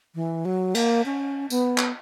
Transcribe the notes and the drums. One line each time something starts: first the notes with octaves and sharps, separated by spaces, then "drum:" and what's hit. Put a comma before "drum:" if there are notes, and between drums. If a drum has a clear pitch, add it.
E3
F#3
A#3, drum: cymbal
C#4
B3, drum: tambourine
drum: clap